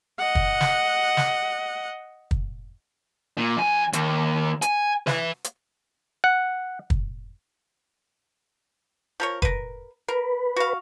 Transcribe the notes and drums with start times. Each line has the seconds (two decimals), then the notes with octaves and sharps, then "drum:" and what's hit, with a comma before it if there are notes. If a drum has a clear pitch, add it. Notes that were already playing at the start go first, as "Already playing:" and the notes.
0.18 D#5 F#5
0.35 drum: kick
0.61 drum: snare
1.17 drum: snare
2.31 drum: kick
3.38 A#2
3.56 F2 G#5
3.93 D#2, drum: hi-hat
4.62 G#5, drum: hi-hat
5.07 B4 E5, drum: snare
5.44 drum: hi-hat
6.24 F#5
6.90 drum: kick
9.20 F3 A#4 C#5
9.42 A#4 B4, drum: kick
10.08 A#4 B4
10.56 F#4 F5